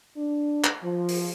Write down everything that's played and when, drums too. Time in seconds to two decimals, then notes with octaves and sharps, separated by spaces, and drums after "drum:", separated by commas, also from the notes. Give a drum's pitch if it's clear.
0.17 D4
0.64 drum: clap
0.84 F3
1.09 drum: open hi-hat